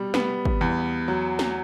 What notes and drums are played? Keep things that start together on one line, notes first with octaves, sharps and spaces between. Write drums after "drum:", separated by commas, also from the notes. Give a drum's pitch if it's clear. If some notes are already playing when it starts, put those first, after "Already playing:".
Already playing: B2 G3
B3, drum: snare
drum: kick
E2
F#3
drum: snare